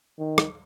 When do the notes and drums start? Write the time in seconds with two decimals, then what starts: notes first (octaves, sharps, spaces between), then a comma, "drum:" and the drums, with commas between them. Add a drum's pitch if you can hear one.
0.19 D#3
0.38 drum: rim click